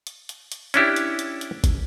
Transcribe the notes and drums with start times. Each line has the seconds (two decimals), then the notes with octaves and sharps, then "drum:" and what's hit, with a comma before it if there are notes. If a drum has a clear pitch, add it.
0.07 drum: hi-hat
0.29 drum: hi-hat
0.52 drum: hi-hat
0.74 C#4 D4 E4 G4, drum: hi-hat
0.96 drum: hi-hat
1.19 drum: hi-hat
1.41 drum: hi-hat
1.64 drum: kick, hi-hat